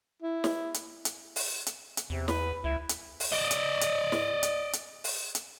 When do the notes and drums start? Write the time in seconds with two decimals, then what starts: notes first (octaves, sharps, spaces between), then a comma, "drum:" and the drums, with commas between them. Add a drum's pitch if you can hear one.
0.22 E4
0.44 drum: snare
0.74 drum: hi-hat
1.05 drum: hi-hat
1.36 drum: open hi-hat
1.67 drum: hi-hat
1.97 drum: hi-hat
2.10 E2 C3
2.28 B4, drum: snare
2.64 C#2 E4
2.89 drum: hi-hat
3.20 drum: open hi-hat
3.33 D5 D#5
3.51 drum: hi-hat
3.81 drum: hi-hat
4.12 drum: snare
4.43 drum: hi-hat
4.73 drum: hi-hat
5.04 drum: open hi-hat
5.35 drum: hi-hat